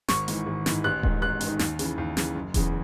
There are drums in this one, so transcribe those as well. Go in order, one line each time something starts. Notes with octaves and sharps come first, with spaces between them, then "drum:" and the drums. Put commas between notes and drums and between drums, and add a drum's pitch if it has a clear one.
G#1 C#6, drum: snare
G#2 E3, drum: hi-hat
G#1
G#2 E3, drum: snare
A1 F#6
G#2 D#3, drum: kick D#1
A1 F#6
G#2 D#3, drum: hi-hat
D#2, drum: snare
C#3 E3, drum: hi-hat
D#2
C#3 E3, drum: snare
F#1
E2 C#3 E3, drum: kick D#1, hi-hat